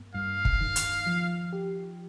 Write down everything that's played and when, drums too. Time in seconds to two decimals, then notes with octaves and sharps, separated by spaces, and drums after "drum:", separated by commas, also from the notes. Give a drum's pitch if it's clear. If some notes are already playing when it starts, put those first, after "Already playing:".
Already playing: G2 A#3
0.14 G2 F5
0.45 drum: kick
0.61 D#3
0.76 drum: hi-hat
1.06 F3
1.53 G4